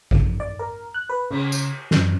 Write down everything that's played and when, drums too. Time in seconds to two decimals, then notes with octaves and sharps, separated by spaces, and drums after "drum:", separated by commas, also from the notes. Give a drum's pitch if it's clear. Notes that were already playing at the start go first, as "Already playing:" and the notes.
0.11 F3, drum: kick A1
0.40 D5
0.59 A#4
0.94 F#6
1.10 B4
1.31 C#3, drum: cymbal
1.52 drum: tambourine
1.91 F#2, drum: snare